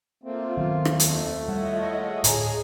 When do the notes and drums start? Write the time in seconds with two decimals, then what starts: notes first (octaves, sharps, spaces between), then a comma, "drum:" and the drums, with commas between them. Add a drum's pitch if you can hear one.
0.24 A3 A#3 C4 F4
0.57 D#2 D#3 F#3 B3 F4
0.85 drum: rim click
1.00 F2 A3, drum: hi-hat
1.48 G3 E4 F4 C#5 D#5 E5 F#5
1.95 G#4
2.24 D2 A2 C#5 G#5 A#5, drum: hi-hat